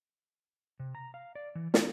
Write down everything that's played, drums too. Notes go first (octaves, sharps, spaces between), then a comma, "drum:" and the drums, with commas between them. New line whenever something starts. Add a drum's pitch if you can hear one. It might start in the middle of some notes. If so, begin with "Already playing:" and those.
C3
A#5
F5
D5
E3
D#4, drum: snare